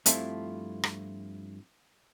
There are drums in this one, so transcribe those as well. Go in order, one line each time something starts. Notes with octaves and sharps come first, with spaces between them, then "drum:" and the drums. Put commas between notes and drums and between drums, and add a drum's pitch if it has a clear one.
G2 F3 A3 C4 E4 F4, drum: hi-hat
drum: rim click